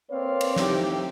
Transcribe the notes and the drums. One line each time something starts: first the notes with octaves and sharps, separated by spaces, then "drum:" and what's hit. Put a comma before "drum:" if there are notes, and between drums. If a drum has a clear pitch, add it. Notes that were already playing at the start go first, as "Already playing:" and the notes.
A#3 C4 B4 C#5 D5 F5
drum: cymbal
A3 C4 D#4 E4 G4, drum: snare